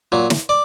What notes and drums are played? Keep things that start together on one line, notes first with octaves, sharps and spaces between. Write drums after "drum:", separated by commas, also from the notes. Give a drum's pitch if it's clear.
A#2 F#3
drum: snare
D5